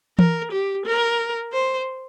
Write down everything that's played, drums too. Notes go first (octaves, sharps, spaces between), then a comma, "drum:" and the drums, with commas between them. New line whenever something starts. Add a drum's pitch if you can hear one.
A#4, drum: tom E3
G4
A#4
C5